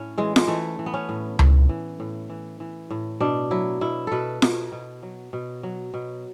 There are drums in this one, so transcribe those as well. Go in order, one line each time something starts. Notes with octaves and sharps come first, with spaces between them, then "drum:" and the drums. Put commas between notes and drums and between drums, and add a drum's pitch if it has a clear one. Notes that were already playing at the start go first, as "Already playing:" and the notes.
Already playing: A2 C#4
E3 G#3
G#3, drum: snare
E3 A3
E3
B3
C#4
A2
A2, drum: tom C#2
E3
A2
E3
E3
A2
B2 D4
F#3 E4
B2 E4
B2 A4 B4
B2, drum: snare
B2
F#3
B2
F#3
B2